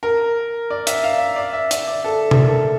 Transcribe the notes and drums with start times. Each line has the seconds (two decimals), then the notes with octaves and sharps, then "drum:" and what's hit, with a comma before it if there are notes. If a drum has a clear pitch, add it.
0.03 A#4
0.70 D5
0.87 E5, drum: hi-hat
1.04 F5
1.20 E5
1.36 D5
1.53 E5
1.71 D5, drum: hi-hat
1.87 D5
2.04 A4
2.31 drum: tom C3
2.40 A#4
2.48 A4